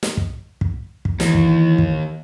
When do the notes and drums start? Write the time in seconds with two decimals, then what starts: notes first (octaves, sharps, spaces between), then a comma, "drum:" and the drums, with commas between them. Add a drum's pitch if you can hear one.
0.03 drum: snare
0.17 drum: kick
0.61 drum: kick
1.05 drum: kick
1.20 D#2 E3, drum: snare
1.34 drum: kick
1.78 drum: kick